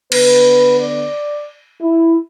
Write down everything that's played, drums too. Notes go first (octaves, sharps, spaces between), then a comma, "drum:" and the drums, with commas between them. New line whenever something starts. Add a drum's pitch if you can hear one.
D3 B3 B4, drum: cymbal
D5
E4